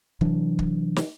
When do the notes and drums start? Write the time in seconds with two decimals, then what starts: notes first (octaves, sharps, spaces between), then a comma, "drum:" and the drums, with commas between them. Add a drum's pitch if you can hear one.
0.21 C3 E3 F#3 D4, drum: kick
0.59 drum: kick
0.96 drum: snare